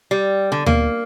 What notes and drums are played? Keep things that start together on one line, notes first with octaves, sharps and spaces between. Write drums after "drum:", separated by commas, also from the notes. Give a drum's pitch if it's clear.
G3
D3
A#3, drum: tom D2